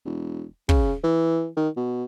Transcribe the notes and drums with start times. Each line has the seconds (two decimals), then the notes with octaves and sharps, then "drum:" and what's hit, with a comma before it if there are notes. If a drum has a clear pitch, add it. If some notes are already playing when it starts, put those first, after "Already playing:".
0.05 E1
0.69 C#3, drum: kick
1.04 E3
1.57 D#3
1.77 B2